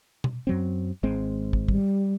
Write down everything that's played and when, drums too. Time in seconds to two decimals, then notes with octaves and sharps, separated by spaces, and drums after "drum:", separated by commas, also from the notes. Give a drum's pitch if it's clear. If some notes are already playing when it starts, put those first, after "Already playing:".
0.24 drum: tom B2
0.47 F#2 F#3 C4
1.03 G#1 G#3 C4
1.53 drum: kick
1.68 G3, drum: kick